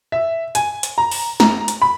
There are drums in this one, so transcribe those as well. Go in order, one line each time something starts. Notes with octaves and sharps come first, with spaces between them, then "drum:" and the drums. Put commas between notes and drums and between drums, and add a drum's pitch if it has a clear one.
E5
G#5, drum: hi-hat
drum: hi-hat
A#5
drum: open hi-hat
A#5, drum: snare
drum: hi-hat
B5